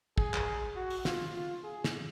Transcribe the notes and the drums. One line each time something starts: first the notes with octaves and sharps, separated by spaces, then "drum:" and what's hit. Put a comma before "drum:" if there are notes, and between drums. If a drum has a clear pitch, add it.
G#4, drum: kick
drum: clap
F#4
drum: open hi-hat
F4, drum: snare
F4
G#4
drum: snare